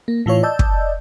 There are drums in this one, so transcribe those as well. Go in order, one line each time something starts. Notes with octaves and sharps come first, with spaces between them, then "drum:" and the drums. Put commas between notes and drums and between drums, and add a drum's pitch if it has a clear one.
A#3
A2 E3 F4 C#5
D5 D#5 A5 E6 G6
drum: kick